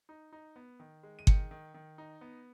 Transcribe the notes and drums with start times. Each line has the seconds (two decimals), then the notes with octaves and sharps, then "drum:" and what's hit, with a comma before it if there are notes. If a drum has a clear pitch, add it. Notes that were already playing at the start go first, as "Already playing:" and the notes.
0.09 D#4
0.33 D#4
0.56 B3
0.80 D#3
1.03 G#3
1.19 D#7
1.27 D#3 C#7, drum: kick G1
1.51 D#3
1.74 D#3
1.98 D#4
2.21 B3